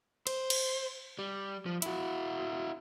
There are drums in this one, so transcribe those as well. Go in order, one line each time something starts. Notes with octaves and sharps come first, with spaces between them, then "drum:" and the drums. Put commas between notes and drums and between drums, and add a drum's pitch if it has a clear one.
C5, drum: cymbal
drum: cymbal
G3
F3
E4 F#4, drum: hi-hat